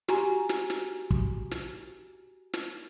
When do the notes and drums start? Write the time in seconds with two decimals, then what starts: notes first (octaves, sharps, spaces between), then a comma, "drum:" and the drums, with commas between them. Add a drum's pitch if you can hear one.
0.08 F#4 G4 G#5 A#5, drum: snare
0.49 drum: snare
0.70 drum: snare
1.11 drum: kick
1.51 drum: snare
2.53 drum: snare